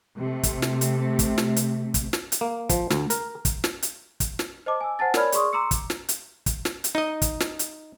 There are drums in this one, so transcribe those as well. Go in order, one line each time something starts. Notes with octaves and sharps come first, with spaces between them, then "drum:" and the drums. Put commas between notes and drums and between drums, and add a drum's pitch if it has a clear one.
C3 A3
drum: kick, hi-hat
drum: snare
drum: hi-hat
drum: kick, hi-hat
drum: snare
drum: hi-hat
drum: kick, hi-hat
drum: snare
drum: hi-hat
A#3
F3, drum: kick, hi-hat
D2, drum: snare
A#4, drum: hi-hat
drum: kick, hi-hat
drum: snare
drum: hi-hat
drum: kick, hi-hat
drum: snare
C5 D#5 A5 D6
G#5 E6
C5 F#5 G#5 A5 A6
A#4 C#5 D5 B5 F6 G#6, drum: snare
G#4 D5 C6 C#6 D#6, drum: hi-hat
A#5 C6 D6 E6 C#7
drum: kick, hi-hat
drum: snare
drum: hi-hat
drum: kick, hi-hat
drum: snare
drum: hi-hat
D#4 D#5
drum: kick, hi-hat
drum: snare
drum: hi-hat